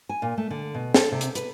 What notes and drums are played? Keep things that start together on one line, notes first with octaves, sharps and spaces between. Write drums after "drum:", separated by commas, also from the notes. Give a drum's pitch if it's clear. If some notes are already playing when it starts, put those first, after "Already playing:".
G#5
A#2
A3
D3
B2
A4, drum: snare
C3
drum: hi-hat
B4, drum: hi-hat